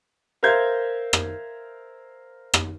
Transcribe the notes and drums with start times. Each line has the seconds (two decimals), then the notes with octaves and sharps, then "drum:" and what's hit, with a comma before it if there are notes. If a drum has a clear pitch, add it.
0.43 A#4 C5 E5 F5 G6 G#6
1.13 drum: rim click
2.54 drum: rim click